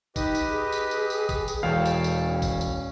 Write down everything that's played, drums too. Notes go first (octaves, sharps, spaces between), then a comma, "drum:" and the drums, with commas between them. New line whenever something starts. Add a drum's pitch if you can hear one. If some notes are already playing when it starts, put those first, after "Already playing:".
D#4 G4 B4 D#5, drum: kick, tambourine
drum: tambourine
G#4
drum: tambourine
drum: tambourine
drum: tambourine
drum: kick, tambourine
drum: tambourine
E1 C#5 F5 G5 A5
drum: tambourine
drum: tambourine
C#4
drum: kick, tambourine
drum: tambourine